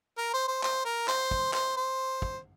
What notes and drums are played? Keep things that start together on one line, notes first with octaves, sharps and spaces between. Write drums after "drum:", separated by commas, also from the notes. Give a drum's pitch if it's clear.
A#4
C5
C5
C5, drum: clap
A#4
C5, drum: clap
drum: kick
C5, drum: clap
C5
drum: kick